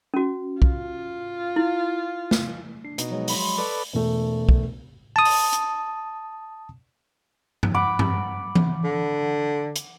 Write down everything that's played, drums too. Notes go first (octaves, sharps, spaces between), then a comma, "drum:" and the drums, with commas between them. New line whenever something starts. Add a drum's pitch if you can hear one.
C#4 F#4
F4, drum: kick
E4
drum: snare
D4 C7
B2 D#4, drum: hi-hat
F3 F#3 G#3
D#5 B5 C6, drum: open hi-hat
A4 B4 D5 C#6
E1 A3
drum: kick
A5 D#6
drum: open hi-hat
drum: hi-hat
drum: tom G2
F#5 B5 D6
drum: tom G2
drum: tom E3
D3
drum: hi-hat